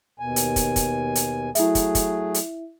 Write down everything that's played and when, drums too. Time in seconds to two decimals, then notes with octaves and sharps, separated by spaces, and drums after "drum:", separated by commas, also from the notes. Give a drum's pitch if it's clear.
0.19 D#2 B2 G#5
0.36 drum: hi-hat
0.56 drum: kick, hi-hat
0.76 drum: kick, hi-hat
1.15 drum: hi-hat
1.55 F#3 A3 E4 G#4 E5, drum: hi-hat
1.75 drum: kick, hi-hat
1.95 drum: kick, hi-hat
2.34 drum: hi-hat